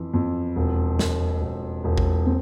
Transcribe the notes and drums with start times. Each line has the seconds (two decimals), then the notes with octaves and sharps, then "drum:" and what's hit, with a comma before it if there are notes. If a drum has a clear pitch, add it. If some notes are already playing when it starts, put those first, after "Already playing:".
Already playing: F2 E3
0.14 F2
0.56 E1
0.99 E1, drum: snare
1.42 E1
1.84 E1
1.98 drum: kick A1
2.26 C4